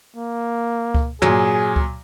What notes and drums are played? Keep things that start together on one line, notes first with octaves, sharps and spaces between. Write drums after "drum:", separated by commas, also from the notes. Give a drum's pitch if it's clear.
A#3
drum: kick C#2
A#2 F#3 G#4, drum: tom
drum: kick C#2